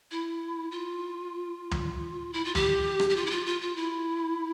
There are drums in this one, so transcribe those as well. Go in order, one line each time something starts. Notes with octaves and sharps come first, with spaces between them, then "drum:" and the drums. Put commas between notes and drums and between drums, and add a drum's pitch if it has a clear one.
E4
F4
drum: tom
E4
F4
G4, drum: tom
drum: rim click
G4
F4
E4
F4
F4
F4
E4